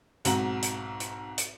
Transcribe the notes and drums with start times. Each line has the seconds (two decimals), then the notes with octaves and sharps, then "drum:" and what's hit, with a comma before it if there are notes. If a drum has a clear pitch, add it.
0.25 B1 G#2 C4 F#4 A#5 F#7, drum: hi-hat
0.63 drum: hi-hat
1.00 drum: hi-hat
1.38 drum: hi-hat